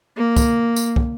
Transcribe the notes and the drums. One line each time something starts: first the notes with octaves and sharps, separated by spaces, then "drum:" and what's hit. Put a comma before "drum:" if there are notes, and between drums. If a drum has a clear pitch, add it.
A#3
drum: kick, tambourine
drum: tambourine
drum: kick